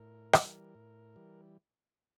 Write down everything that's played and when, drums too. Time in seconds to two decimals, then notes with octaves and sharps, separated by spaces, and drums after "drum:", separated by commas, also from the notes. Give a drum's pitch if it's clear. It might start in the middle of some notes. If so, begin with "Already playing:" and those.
Already playing: A2 A#4
0.33 E3 G3, drum: rim click
0.75 A2
1.16 E3 G3